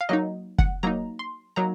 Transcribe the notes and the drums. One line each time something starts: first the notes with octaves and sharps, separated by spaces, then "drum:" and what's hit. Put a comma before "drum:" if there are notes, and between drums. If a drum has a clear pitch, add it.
F5
F#3 A#3 D#4 D#5
F#5, drum: kick
F#3 A#3 D#4 A#5
C6
F#3 A#3 D#4 A#5